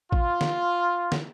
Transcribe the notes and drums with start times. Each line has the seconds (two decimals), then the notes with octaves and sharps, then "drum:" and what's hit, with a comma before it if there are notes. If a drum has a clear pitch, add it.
0.12 F4, drum: kick A1
0.41 drum: snare
1.12 drum: snare